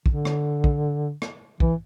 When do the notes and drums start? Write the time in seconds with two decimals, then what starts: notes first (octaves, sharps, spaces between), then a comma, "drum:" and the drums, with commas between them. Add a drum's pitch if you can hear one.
0.06 D3, drum: kick
0.25 drum: rim click
0.64 drum: kick
1.22 drum: rim click
1.60 E3, drum: kick